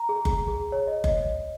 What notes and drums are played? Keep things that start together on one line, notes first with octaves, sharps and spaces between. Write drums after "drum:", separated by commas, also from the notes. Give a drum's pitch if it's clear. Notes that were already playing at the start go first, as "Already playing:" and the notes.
Already playing: A#5
G#4
G#4, drum: kick F#1
G#4
C#5
D#5
D#5, drum: kick F#1